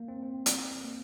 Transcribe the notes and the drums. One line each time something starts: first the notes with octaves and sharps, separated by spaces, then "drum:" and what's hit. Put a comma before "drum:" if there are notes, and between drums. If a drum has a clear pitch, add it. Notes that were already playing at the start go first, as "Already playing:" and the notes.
Already playing: A#3
C4
C4
drum: hi-hat
A#3